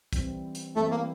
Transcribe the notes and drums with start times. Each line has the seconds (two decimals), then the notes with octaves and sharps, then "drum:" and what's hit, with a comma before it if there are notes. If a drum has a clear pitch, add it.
0.13 E3 G3 C4 E4, drum: kick, hi-hat
0.55 drum: hi-hat
0.76 E3 G3 A3 C4 E4
0.91 A#3